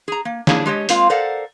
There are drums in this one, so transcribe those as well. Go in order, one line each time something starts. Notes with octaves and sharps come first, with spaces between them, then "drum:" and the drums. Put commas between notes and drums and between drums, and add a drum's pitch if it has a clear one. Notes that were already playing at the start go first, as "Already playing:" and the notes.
G#4 A#5
A#3
A#3 D4 E4 G#4, drum: snare
G#3 G4 C#5 D#5
G#3 A#3 C4 F4 F5, drum: hi-hat
A4 A#4 C5 D5 F5 F#5